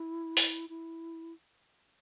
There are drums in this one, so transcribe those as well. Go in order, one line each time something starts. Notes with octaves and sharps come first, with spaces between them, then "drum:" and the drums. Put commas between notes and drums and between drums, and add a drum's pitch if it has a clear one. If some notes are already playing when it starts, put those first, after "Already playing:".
Already playing: E4
drum: open hi-hat
E4